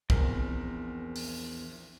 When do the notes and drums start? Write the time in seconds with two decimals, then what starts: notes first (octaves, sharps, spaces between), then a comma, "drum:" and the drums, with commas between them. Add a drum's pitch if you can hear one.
0.10 A#1 E2 C4 A#4, drum: kick
1.16 drum: open hi-hat